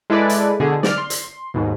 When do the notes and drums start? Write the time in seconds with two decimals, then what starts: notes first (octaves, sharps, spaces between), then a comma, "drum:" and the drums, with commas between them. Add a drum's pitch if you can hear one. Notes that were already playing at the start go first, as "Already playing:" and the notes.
0.10 G#3 E4 A4 B4 D5
0.29 drum: hi-hat
0.60 B2 D3 G#4
0.83 D5 F6, drum: snare
0.98 C6
1.10 drum: hi-hat
1.54 D#2 G#2 B2